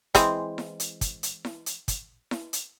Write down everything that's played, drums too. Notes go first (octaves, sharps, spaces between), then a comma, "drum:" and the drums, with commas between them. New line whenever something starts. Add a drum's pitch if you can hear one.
E3 G#3 C4, drum: kick, hi-hat
drum: snare E4
drum: hi-hat
drum: kick, hi-hat
drum: hi-hat
drum: snare E4
drum: hi-hat
drum: kick, hi-hat
drum: snare E4
drum: hi-hat